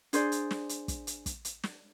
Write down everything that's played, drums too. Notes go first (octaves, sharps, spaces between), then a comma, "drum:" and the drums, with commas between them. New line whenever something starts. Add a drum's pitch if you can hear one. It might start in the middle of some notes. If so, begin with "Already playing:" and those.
D4 G#4 C5 D5, drum: hi-hat
drum: hi-hat
drum: snare
drum: hi-hat
drum: kick, hi-hat
drum: hi-hat
drum: kick, hi-hat
drum: hi-hat
drum: snare